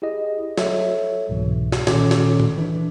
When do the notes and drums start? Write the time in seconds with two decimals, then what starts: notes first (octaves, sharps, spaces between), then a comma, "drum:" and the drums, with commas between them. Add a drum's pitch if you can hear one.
0.02 E4 G4 G#4 D#5
0.57 F#3 A4 C#5 E5, drum: snare
1.29 C2 G#2 B2 E3
1.72 drum: snare
1.87 G1 A#2 D#3 C#4 A4 D6, drum: snare
2.11 drum: snare
2.40 drum: tom A2
2.57 E3 D4